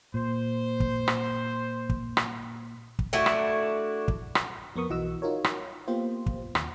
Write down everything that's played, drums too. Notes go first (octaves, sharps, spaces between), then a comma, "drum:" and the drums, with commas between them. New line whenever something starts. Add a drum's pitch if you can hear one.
A#2 C5
drum: kick
drum: rim click
drum: kick
drum: rim click
drum: kick
A3 D4 E4 F#4
drum: rim click
drum: kick
drum: rim click
F2 B3 A#4 C#6 D#6
B1 E3 F#4 D#5 F#5 E6
D#4 F4 F#4 A#4 C#5
drum: rim click
A#3 B3 F4 G4 C5
drum: kick
D#2, drum: rim click